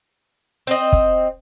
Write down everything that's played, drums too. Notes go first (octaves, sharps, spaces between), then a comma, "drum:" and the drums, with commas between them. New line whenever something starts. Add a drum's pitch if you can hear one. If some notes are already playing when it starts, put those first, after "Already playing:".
C4 D#5
drum: kick